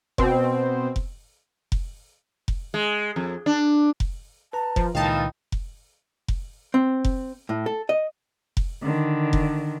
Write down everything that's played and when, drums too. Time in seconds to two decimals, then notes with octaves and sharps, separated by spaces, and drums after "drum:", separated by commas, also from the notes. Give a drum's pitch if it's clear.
0.18 B2 C4, drum: kick F1
0.96 drum: kick F1
1.72 drum: kick F1
2.48 drum: kick F1
2.74 G#3
3.16 F2
3.46 D4
4.00 drum: kick F1
4.53 B4 A5 A#5
4.76 F3, drum: kick F1
4.95 C#2 A#2 D#3 E3 D#4 F5 G5 A5
5.52 drum: kick F1
6.28 drum: kick F1
6.74 C4
7.05 drum: kick F1
7.49 A2
7.66 A4
7.89 D#5
8.57 drum: kick F1
8.83 D3 D#3
9.33 drum: kick F1